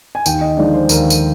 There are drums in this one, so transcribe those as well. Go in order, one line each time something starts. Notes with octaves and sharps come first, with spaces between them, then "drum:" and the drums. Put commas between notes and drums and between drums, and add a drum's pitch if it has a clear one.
G#5
D#2 G5, drum: tambourine
D#5
D3 F3 G#3 D#4 D5
C5
D#2 A#4, drum: tambourine
drum: tambourine